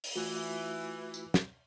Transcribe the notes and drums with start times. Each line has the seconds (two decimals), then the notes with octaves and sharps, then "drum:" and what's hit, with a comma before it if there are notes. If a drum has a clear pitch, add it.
0.04 drum: open hi-hat
0.16 E3 A3 F4 F#4
1.14 drum: tambourine
1.34 drum: snare